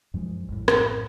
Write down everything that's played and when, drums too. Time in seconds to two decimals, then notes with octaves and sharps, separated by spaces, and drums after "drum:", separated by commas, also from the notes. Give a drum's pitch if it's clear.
0.14 F#2 F3 G#3
0.48 A#1 F#2 A2
0.68 drum: rim click